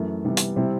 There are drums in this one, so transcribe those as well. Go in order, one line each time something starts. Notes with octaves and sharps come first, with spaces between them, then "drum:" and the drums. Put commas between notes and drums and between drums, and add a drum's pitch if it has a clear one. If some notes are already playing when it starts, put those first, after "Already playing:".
Already playing: F#2 E3 A3
C3 E3 G3 B3
drum: hi-hat
C3 G3 C4 E4